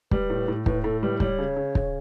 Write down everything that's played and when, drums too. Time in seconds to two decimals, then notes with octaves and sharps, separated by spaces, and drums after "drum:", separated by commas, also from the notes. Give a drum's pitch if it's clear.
0.11 G3 B4, drum: kick
0.30 A2
0.48 A2
0.66 A2 B4, drum: kick
0.84 A2 A4
1.02 G3 B4
1.20 G3 C#5, drum: kick
1.39 C#3
1.57 C#3
1.75 C#3, drum: kick